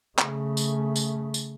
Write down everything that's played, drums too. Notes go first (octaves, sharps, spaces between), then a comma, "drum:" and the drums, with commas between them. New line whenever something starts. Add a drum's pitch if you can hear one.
C#3 A3, drum: clap
drum: tambourine
drum: tambourine
drum: tambourine